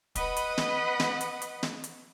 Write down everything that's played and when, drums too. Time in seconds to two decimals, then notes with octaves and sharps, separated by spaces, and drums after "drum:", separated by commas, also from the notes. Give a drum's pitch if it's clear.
0.15 B4 D#5 F#5 B5, drum: kick, hi-hat
0.37 drum: hi-hat
0.58 drum: snare
1.00 drum: snare
1.21 drum: hi-hat
1.42 drum: hi-hat
1.63 drum: snare
1.84 drum: hi-hat